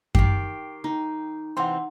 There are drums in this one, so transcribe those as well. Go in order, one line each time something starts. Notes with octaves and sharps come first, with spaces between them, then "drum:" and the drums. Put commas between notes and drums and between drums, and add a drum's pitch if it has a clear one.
D#3 G4 C7, drum: kick F#2
D#4
C3 E3 C4 F#5 C6